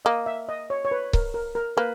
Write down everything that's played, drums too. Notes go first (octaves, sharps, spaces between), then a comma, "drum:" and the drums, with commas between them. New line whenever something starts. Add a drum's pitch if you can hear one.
A#3 D#5
E5
D#5
C#5
C#5
B4
A#4, drum: kick C#1
A#4
A#4
A#3 B4